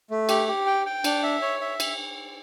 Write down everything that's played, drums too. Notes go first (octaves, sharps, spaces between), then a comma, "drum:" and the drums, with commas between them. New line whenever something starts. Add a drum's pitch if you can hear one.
A3
G4, drum: cymbal
G4
G5
G5
D4, drum: cymbal
E5
C#5
E5
drum: cymbal